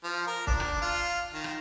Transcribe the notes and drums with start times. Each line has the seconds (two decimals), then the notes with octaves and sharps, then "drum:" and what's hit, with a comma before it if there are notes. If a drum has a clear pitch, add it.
0.04 F3
0.27 A#4
0.47 D4, drum: kick
0.60 drum: rim click
0.82 F4
1.34 D#3
1.44 drum: rim click